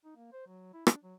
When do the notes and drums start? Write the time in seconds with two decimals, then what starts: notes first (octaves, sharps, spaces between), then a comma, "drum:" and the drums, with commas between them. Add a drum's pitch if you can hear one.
0.05 D#4
0.16 A#3
0.33 C5
0.47 F#3
0.74 E4
0.87 D4, drum: rim click
1.03 F#3